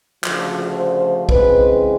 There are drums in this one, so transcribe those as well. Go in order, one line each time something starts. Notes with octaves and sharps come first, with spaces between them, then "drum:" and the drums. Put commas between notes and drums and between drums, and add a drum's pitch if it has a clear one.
D2 C#3 F3, drum: clap
C5
C#3 E3 G#3 C4 B4, drum: kick